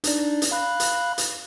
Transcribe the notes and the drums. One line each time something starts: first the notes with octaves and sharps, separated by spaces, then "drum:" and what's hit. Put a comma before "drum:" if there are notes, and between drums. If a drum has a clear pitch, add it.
D4 D#4 D5, drum: hi-hat
drum: hi-hat
F5 B5 F#6
drum: hi-hat
drum: hi-hat